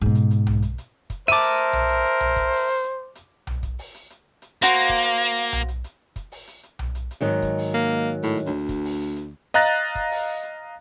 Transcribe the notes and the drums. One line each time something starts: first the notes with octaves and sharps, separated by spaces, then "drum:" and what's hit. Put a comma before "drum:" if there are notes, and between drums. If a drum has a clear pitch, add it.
G#2 B2
drum: hi-hat
drum: hi-hat
drum: tom B1
drum: hi-hat
drum: hi-hat
drum: kick, hi-hat
A#4 C5 E5 A5 D6 D#7, drum: open hi-hat
drum: hi-hat
drum: hi-hat
drum: tom B1
drum: hi-hat
drum: hi-hat
drum: tom B1
drum: kick, hi-hat
drum: open hi-hat
drum: hi-hat
drum: hi-hat
drum: hi-hat
drum: tom B1
drum: kick, hi-hat
drum: open hi-hat
drum: hi-hat
drum: hi-hat
drum: hi-hat
A#3 F#4 C5 F5
drum: kick, hi-hat
drum: open hi-hat
drum: hi-hat
drum: hi-hat
drum: tom B1
drum: hi-hat
drum: hi-hat
drum: kick, hi-hat
drum: open hi-hat
drum: hi-hat
drum: hi-hat
drum: tom B1
drum: hi-hat
drum: hi-hat
G#2 D#3 F#3
drum: kick, hi-hat
drum: open hi-hat
A#3, drum: hi-hat
drum: hi-hat
A2, drum: hi-hat
drum: hi-hat
D2
drum: kick, hi-hat
drum: open hi-hat
drum: hi-hat
drum: hi-hat
D#5 F5 A#5 F#6 A6 A#6
drum: hi-hat
drum: kick, hi-hat
drum: open hi-hat
drum: hi-hat